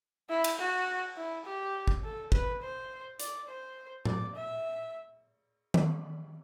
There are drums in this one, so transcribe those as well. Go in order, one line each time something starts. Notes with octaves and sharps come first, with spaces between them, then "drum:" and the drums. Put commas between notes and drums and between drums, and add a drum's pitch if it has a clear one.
E4
drum: cymbal
F#4
E4
G4
drum: kick
A4
B4, drum: kick
C5
D5, drum: hi-hat
C5
D5, drum: tom A2
E5
drum: tom D#3